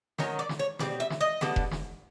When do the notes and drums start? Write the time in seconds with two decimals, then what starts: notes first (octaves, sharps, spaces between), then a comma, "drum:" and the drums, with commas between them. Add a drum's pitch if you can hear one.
0.18 D#3 F#3 C#4 C#5, drum: snare
0.39 D5
0.49 drum: snare
0.59 C#5
0.79 B2 G3 C4 D5, drum: snare
1.00 E5
1.10 drum: snare
1.21 D#5
1.41 D3 G3 B3, drum: snare
1.56 drum: kick F1
1.71 drum: snare